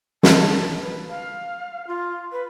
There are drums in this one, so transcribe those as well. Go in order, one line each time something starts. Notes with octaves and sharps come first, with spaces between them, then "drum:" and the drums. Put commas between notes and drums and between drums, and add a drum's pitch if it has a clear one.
A5, drum: snare
B4
F5
F4
B4